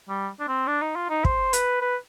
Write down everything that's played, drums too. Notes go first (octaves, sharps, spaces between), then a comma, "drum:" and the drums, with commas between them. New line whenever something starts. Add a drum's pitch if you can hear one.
G3
D4
C4
D4
D#4
F4
D#4
C5, drum: kick
B4, drum: hi-hat
B4